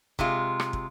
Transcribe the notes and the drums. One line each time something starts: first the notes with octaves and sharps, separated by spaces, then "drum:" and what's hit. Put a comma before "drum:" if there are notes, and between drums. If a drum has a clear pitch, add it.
C3 G#3 F4, drum: kick
drum: rim click
drum: kick